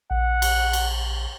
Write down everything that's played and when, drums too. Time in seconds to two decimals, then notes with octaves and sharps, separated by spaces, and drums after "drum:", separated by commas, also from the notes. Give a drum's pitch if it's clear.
0.11 A#1 F#5
0.42 drum: cymbal
0.73 drum: cymbal